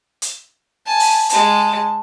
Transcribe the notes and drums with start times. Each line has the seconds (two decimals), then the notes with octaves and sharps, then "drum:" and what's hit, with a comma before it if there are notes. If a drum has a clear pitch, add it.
0.22 drum: hi-hat
0.86 G#5 A5
1.00 drum: open hi-hat
1.29 G#3 A5, drum: hi-hat